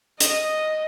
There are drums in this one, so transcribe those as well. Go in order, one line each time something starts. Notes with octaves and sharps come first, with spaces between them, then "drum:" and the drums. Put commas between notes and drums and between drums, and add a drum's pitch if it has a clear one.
D#5, drum: hi-hat